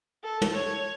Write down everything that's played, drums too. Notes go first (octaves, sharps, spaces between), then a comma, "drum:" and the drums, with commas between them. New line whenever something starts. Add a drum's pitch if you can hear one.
A4
drum: tom
C#5